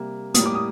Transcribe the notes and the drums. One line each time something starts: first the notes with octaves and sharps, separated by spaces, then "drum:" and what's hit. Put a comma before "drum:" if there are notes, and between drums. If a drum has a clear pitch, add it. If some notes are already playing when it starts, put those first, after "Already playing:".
Already playing: C3 G3 A#3
A2 G3 A#3 D#6, drum: hi-hat
D6
D#6